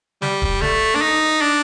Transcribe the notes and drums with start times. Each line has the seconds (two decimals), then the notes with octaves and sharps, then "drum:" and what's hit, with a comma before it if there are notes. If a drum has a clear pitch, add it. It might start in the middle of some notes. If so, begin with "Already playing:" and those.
0.22 G3, drum: snare
0.42 drum: kick
0.61 A3, drum: snare
0.95 D4
1.02 D#4
1.41 D4